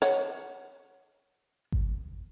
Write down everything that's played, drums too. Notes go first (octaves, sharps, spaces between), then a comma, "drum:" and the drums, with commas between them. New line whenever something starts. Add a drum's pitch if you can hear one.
C#5 F#5, drum: open hi-hat
drum: kick G#1